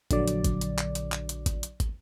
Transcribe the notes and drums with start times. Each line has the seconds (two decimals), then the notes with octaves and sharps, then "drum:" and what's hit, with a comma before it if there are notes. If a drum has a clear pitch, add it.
0.11 A#1 D3 F#3 D5, drum: kick, hi-hat
0.28 drum: hi-hat
0.44 drum: kick, hi-hat
0.61 drum: hi-hat
0.78 drum: clap
0.95 drum: hi-hat
1.12 drum: clap
1.29 drum: hi-hat
1.46 drum: kick, hi-hat
1.63 drum: hi-hat
1.80 drum: kick, hi-hat